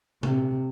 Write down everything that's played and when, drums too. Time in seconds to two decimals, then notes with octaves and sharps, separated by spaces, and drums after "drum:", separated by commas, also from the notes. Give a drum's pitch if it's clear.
0.23 C3, drum: tom A#2